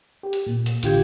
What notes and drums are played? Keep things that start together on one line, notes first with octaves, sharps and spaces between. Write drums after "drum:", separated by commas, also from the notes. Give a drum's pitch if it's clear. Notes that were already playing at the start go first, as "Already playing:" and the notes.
G4
drum: hi-hat
A#2
drum: hi-hat
A1 D3 F4 G4 G6 G#6, drum: hi-hat